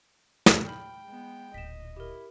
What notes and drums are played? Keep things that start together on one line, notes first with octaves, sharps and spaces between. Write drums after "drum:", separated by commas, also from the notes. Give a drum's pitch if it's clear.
drum: snare
G5 B5 F6
G#3 B3
D1 A#2 D#5 B6 E7
E4 G4 A#4